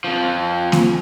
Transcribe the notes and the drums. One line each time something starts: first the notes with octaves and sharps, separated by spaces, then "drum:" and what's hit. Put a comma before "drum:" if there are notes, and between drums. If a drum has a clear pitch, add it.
F2 F3
drum: snare A#3